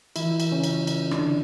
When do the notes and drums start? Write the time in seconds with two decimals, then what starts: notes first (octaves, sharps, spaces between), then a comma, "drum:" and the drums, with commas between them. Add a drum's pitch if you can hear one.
0.16 E3 E4, drum: cymbal
0.40 drum: cymbal
0.52 C#3 C#4
0.64 drum: cymbal
0.87 drum: cymbal
1.11 D3 D4, drum: rim click